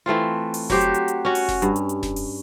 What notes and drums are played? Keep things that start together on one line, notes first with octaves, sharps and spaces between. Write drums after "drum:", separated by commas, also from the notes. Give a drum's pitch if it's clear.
E3 A3 C4 F4
drum: open hi-hat
F#3 F#4 G4 C5, drum: snare F1
drum: hi-hat
drum: hi-hat
drum: hi-hat
C#4 F#4
drum: open hi-hat
drum: snare F1
G2, drum: hi-hat
drum: hi-hat
drum: hi-hat
drum: snare F1
drum: open hi-hat